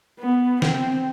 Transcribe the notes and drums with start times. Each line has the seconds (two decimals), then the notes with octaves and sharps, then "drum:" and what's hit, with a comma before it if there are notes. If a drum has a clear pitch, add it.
0.20 B3
0.62 C4, drum: snare